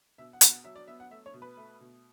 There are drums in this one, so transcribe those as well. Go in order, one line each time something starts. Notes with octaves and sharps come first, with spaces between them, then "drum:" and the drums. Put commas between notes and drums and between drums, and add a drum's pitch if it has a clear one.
B2 E5
F#5
B2, drum: hi-hat
F#5
F#3 E5
D5
B3 E5
F#5
A3 E5
C#5
B2
B4
A3
B2